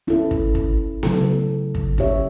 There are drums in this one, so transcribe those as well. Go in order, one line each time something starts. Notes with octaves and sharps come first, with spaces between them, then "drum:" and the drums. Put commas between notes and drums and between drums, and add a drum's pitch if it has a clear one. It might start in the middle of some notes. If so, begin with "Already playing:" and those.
C#4 E4 A4
drum: kick
drum: kick
C#3 F#3 A3 E4 A4, drum: snare B3
drum: kick
C#4 G4 C#5 E5, drum: kick